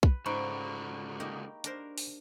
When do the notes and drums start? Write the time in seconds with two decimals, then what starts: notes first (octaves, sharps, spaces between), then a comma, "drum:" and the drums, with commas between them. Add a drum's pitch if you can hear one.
0.03 B4, drum: kick
0.26 C#2 G#2 D3 A#5 B5 C#6
1.20 A#3 D#4 G4
1.64 D4 A#4 C5, drum: hi-hat
1.98 drum: open hi-hat